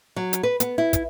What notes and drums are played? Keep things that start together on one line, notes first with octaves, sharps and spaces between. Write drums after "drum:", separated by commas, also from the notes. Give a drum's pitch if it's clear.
F#3
drum: hi-hat
B4
B3, drum: hi-hat
E4
drum: kick, hi-hat